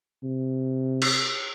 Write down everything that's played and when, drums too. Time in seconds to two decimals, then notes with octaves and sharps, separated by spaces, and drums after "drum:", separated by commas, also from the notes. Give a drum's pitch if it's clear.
0.23 C3
1.02 drum: cymbal